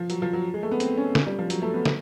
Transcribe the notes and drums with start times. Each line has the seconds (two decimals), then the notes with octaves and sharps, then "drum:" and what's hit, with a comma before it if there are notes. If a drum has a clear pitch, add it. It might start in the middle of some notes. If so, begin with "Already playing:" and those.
Already playing: F3
0.10 F#3, drum: hi-hat
0.22 F3
0.33 F#3
0.54 G#3
0.63 A3
0.71 B3
0.80 C4, drum: hi-hat
0.97 C#4
1.15 C#4, drum: snare
1.27 G3
1.39 F3
1.50 F#3, drum: hi-hat
1.62 A3
1.74 B3
1.85 drum: snare